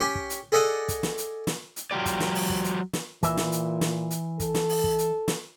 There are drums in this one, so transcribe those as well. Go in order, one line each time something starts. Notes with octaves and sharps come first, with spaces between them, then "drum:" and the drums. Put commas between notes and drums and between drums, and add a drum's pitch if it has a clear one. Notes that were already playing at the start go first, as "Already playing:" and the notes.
C#4 G4 D6
drum: kick
drum: hi-hat
G#4 A4 D5 D#5 F#5
drum: kick, hi-hat
drum: snare
drum: hi-hat
drum: snare
drum: hi-hat
F#3 F4 G4 D5
drum: kick, hi-hat
drum: snare
drum: open hi-hat
drum: kick
drum: hi-hat
drum: snare
A#2 E3 B4 E5, drum: kick, hi-hat
drum: snare
drum: hi-hat
drum: snare
drum: hi-hat
A4, drum: kick, hi-hat
drum: snare
drum: open hi-hat
drum: kick
drum: hi-hat
drum: snare